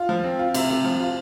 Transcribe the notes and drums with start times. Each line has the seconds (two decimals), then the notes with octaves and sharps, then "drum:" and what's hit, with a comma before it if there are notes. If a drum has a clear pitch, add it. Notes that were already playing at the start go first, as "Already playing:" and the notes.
Already playing: F4
0.09 F3
0.24 C4
0.39 F4
0.54 C3, drum: cymbal
0.70 C3
0.84 F3
1.00 F4